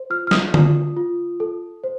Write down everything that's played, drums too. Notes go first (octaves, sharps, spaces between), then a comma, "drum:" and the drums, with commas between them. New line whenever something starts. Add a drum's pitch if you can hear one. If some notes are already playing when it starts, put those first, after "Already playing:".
Already playing: C5
F4 F6
F6
D#6, drum: snare
F4, drum: tom D3
F4
A4
C5